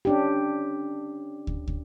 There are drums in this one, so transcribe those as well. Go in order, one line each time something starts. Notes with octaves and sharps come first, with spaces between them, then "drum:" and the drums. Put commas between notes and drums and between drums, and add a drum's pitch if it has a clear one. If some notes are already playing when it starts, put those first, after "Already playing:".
C#4 D4 G4
drum: kick
drum: kick